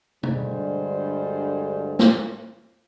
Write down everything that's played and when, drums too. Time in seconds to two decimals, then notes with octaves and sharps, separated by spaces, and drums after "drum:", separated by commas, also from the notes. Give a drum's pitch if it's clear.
0.23 D2 G2 D3 G3 G#3 C5, drum: tom
1.99 drum: snare